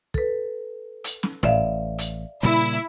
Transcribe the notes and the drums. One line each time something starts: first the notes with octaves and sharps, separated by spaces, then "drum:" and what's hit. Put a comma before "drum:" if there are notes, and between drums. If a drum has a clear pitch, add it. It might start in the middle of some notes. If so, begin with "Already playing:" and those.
A4 B4, drum: kick
drum: hi-hat
drum: snare
A1 D5 E5 F5, drum: tom A2
drum: hi-hat
A#2 C#3 G3 E4